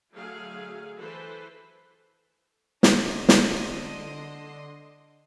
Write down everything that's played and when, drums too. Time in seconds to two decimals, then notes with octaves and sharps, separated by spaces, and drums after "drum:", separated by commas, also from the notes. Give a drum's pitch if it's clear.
0.14 D3 F#3 A3 G#4 F5
0.99 E3 A4 B4 C5
2.83 D3 D4 D#5 C6, drum: snare
3.29 drum: snare